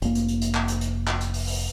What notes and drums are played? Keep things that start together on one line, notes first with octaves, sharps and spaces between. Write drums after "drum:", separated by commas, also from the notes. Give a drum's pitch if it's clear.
F1 A#3, drum: hi-hat
drum: hi-hat
drum: hi-hat
drum: hi-hat
drum: clap
drum: hi-hat
drum: hi-hat
drum: clap
drum: hi-hat
drum: open hi-hat
drum: open hi-hat